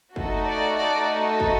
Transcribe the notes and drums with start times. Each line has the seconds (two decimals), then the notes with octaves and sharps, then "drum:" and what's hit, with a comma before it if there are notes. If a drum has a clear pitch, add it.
0.16 A3 D#4 F#4 A4, drum: kick
0.46 D5
0.78 D5
1.40 drum: kick